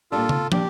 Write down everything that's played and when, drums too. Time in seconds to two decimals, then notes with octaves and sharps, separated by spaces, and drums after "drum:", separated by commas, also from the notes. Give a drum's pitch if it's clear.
0.11 A#2 G3 D4 F4 A4
0.29 drum: tom
0.52 A#2 G3 D4 G4, drum: tom